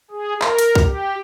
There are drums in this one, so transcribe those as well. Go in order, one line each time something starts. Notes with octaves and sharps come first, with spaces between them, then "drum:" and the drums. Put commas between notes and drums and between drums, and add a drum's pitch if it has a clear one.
G#4
A#4, drum: clap
drum: hi-hat
drum: kick
G4